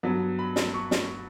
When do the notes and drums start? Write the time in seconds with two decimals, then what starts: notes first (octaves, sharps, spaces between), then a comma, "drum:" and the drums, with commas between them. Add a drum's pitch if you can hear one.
0.03 G2 F#3 B3
0.39 B5
0.56 drum: snare
0.74 C#6
0.91 drum: snare